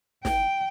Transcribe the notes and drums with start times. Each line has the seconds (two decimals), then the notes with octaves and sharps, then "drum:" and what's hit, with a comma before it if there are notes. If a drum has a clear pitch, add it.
0.25 G5, drum: snare